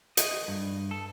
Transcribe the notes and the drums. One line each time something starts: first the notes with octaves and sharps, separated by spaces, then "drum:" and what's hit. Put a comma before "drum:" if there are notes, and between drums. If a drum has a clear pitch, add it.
D#5, drum: hi-hat
G2
A4